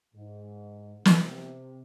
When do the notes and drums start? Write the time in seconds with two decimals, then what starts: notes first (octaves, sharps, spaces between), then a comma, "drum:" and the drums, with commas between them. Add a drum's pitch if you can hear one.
0.14 G#2
1.05 C3, drum: snare